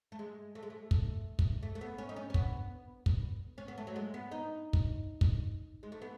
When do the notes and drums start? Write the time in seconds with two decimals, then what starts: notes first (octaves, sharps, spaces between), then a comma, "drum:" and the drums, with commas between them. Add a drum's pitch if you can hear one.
0.12 A3
0.19 G#3
0.55 A3
0.63 G#3
0.70 A3
0.91 drum: kick
1.39 drum: kick
1.63 A3
1.75 A3
1.81 B3
1.98 C#4
2.09 D#4
2.16 C#4
2.30 C#4
2.34 B3, drum: kick
3.06 drum: kick
3.58 C#4
3.68 B3
3.78 A3
3.87 F#3
3.96 G#3
4.14 B3
4.31 D#4
4.73 drum: kick
5.21 drum: kick
5.83 G#3
5.92 A3
6.02 B3